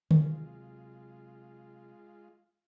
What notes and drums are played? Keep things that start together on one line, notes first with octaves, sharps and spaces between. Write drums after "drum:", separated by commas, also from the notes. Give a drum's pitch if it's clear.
C3 F#3 G#3 F4, drum: tom D3